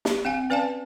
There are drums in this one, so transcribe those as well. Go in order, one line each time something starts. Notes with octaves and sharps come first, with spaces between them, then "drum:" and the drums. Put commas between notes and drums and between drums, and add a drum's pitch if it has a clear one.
drum: snare
C4 F5 G#5
C#4 B4 D5 F5 G#5 A5